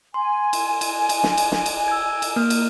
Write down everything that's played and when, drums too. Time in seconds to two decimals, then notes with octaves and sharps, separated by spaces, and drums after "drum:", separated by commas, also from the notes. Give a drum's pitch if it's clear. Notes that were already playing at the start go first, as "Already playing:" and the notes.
0.14 G#5 C6
0.53 drum: cymbal
0.81 drum: cymbal
1.09 drum: cymbal
1.23 drum: snare
1.38 drum: cymbal
1.52 drum: snare
1.66 drum: cymbal
1.88 E6 G#6
2.22 drum: cymbal
2.36 A#3 A#4 F6
2.50 drum: cymbal